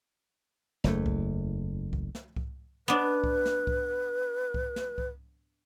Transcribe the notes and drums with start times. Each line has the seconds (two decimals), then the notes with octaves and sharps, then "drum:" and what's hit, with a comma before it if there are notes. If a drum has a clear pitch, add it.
0.84 F#1 E2 A3, drum: snare
1.06 drum: kick C2
1.93 drum: kick C2
2.15 drum: snare
2.37 drum: kick C2
2.88 B3 D4 B4
3.24 drum: kick C2
3.45 drum: snare
3.67 drum: kick C2
4.54 drum: kick C2
4.76 drum: snare
4.98 drum: kick C2